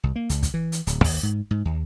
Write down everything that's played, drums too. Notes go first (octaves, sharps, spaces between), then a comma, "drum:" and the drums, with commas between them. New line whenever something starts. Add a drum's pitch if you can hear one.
C2
A#3
C#2, drum: hi-hat
drum: kick, hi-hat
E3
drum: hi-hat
D1, drum: hi-hat
D#2, drum: kick, open hi-hat
G#2
G#2
D#2